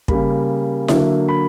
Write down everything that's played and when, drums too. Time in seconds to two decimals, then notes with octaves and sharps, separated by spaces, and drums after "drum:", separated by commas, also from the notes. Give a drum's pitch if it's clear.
0.08 C#3 G3 A#3 B5, drum: kick
0.88 D3 F#3 A#3 E5, drum: snare E4
1.28 B5